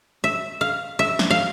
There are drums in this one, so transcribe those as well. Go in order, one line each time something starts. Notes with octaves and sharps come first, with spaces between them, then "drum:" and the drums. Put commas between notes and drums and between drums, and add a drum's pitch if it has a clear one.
E5
F5
E5
drum: snare
F5